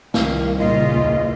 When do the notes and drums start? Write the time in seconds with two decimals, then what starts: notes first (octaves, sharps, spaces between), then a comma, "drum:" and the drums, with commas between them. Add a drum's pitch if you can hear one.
0.14 C2 D#3 F5, drum: snare
0.58 A#2 C#3 F4 D#5
0.88 D#2 E3